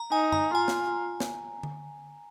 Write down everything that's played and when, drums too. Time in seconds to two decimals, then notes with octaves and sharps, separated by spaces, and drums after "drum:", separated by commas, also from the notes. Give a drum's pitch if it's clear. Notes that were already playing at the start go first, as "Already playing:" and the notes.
Already playing: A#5
0.11 D#4 G#5
0.32 A#5, drum: tom F#2
0.54 F4 G#5
0.68 drum: snare
1.20 drum: snare
1.63 drum: tom D3